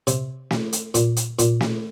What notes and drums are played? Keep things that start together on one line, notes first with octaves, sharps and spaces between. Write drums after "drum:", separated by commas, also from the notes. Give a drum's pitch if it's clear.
C3, drum: hi-hat
drum: snare
drum: hi-hat
A#2, drum: hi-hat
drum: hi-hat
A#2, drum: hi-hat
drum: snare